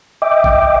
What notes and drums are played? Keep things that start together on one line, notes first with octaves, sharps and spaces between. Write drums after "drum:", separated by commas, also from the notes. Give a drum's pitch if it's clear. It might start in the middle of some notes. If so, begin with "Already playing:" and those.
D#5 E5 G5 D6
drum: kick G#1